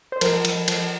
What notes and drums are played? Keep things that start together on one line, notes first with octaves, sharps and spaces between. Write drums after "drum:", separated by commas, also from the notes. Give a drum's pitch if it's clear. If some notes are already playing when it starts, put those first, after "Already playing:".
C5
F3 A#4, drum: cymbal
F3, drum: cymbal
F3, drum: cymbal